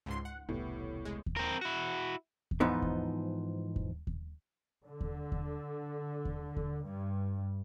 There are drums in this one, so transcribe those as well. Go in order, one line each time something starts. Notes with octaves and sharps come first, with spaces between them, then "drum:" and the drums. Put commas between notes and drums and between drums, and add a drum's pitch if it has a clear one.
C#2 G#2 C6
F#5
E1 C2 A2 B3 E4 G4
C#5
G#3
drum: kick D#2
C4 A#4
E4 F#4
drum: kick D#2
G#2 E3 F3 B3 D#4
drum: kick D#2
drum: kick D#2
drum: kick D#2
D3
drum: kick D#2
drum: kick D#2
drum: kick D#2
drum: kick D#2
G2